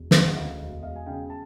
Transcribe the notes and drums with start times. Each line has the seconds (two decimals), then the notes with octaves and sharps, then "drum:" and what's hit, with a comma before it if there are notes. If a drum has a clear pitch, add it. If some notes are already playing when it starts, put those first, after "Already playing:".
Already playing: E1
0.11 C#3 D#5 F5, drum: snare
0.28 F#5
0.35 D2 D#5 F5
0.59 E1 D#5 F5
0.82 E1 D#5 F5
0.96 G#5
1.06 C#3 F5 G5
1.30 A5